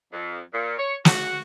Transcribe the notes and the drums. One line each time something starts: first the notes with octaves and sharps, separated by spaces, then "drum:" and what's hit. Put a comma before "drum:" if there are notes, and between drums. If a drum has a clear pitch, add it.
F2
A#2
C#5
F#4, drum: snare